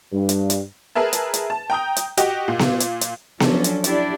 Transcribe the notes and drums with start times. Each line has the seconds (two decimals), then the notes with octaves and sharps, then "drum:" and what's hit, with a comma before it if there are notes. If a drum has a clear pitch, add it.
0.12 G2
0.29 drum: hi-hat
0.50 drum: hi-hat
0.95 G#4 A#4 B4 E5 A5
1.13 drum: hi-hat
1.34 drum: hi-hat
1.50 A5
1.70 G5 A#5 D#6 G6
1.96 drum: hi-hat
2.17 F#4 G4 D#5 G5, drum: hi-hat
2.48 A#2
2.59 drum: snare B3
2.80 drum: hi-hat
3.01 drum: hi-hat
3.40 F3 F#3 C#4 D4 A4, drum: snare B3
3.64 drum: hi-hat
3.84 D4 E4 G4 D5, drum: hi-hat